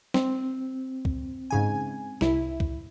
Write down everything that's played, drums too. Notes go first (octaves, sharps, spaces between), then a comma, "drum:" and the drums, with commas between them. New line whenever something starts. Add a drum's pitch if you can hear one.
C4, drum: snare
drum: kick C2
G#2 C#3 G#5
C2 E4, drum: snare
drum: kick C2